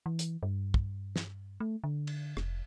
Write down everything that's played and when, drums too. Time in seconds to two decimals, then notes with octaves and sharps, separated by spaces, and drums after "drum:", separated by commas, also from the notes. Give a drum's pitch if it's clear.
0.06 E3
0.19 drum: hi-hat
0.43 G2
0.74 drum: kick
1.16 drum: snare
1.60 A3
1.84 D3
2.07 drum: cymbal
2.37 F1, drum: rim click